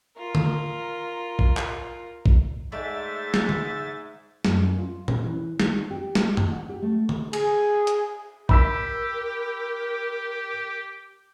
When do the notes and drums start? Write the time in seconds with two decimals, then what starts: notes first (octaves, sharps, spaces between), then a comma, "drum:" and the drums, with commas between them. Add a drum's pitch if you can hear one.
0.17 F4 A#4
0.35 drum: tom D3
1.39 drum: kick
1.57 drum: clap
2.26 drum: kick
2.72 G#2 G#3 A3 D5 E5 A6
3.34 drum: snare
3.49 drum: tom
4.45 F#2, drum: snare
4.78 F4
5.08 C#4, drum: tom A#2
5.24 E3
5.60 D#3, drum: snare
5.91 G4
6.15 drum: snare
6.37 drum: tom F#2
6.52 F#5
6.69 G4
6.82 A3
7.09 drum: tom
7.33 G#4, drum: cymbal
7.87 drum: hi-hat
8.49 G4 A#4 B5 E6 B6, drum: kick